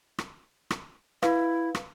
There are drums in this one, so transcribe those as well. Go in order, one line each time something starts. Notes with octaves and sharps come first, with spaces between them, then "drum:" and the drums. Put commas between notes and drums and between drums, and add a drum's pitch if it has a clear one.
drum: rim click
drum: rim click
E4 B4 F5, drum: rim click
drum: rim click